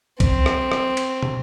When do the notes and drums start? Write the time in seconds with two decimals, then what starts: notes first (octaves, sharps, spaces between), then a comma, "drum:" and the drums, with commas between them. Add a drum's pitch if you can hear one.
0.20 C4, drum: kick B1, cymbal
0.46 drum: rim click
0.72 drum: rim click
0.97 drum: cymbal
1.23 drum: tom